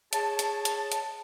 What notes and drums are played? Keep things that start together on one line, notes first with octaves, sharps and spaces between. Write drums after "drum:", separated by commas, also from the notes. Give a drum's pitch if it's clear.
G#4 C#5 A5, drum: hi-hat
drum: hi-hat
drum: hi-hat
drum: hi-hat